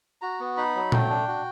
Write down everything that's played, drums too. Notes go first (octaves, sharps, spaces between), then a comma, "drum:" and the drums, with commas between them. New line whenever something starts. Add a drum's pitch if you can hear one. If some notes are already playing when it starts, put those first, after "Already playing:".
F#4 A#5
B3
D#4 B5
F#3
A3 G5, drum: tom A#2
D4
F#4